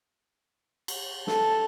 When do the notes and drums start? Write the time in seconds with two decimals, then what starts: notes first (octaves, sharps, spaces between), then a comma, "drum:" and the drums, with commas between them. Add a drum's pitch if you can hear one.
0.88 drum: cymbal
1.27 A4, drum: snare